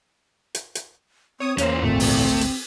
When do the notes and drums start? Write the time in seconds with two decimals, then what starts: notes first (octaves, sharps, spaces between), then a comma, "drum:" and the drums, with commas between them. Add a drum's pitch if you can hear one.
0.55 drum: hi-hat
0.75 drum: hi-hat
1.40 C4 C#5 D#6
1.58 E2 A#2 C#4 C5 C#5, drum: hi-hat
1.83 G#1 D2 G#2 A3 C4
2.00 drum: open hi-hat
2.41 drum: hi-hat